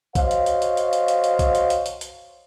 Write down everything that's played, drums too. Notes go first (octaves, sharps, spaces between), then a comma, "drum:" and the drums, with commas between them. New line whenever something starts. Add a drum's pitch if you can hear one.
F#4 C5 C#5 D#5 F5, drum: kick B1, hi-hat
drum: hi-hat
drum: hi-hat
drum: hi-hat
drum: hi-hat
drum: hi-hat
drum: hi-hat
drum: hi-hat
drum: kick B1, hi-hat
drum: hi-hat
drum: hi-hat
drum: hi-hat
drum: hi-hat